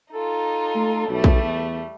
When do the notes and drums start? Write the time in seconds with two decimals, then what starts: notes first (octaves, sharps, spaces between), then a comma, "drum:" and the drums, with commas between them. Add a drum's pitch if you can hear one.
0.14 D#4 F4 A4
0.76 A3
1.09 B1 G3 A3
1.24 drum: kick
1.43 E2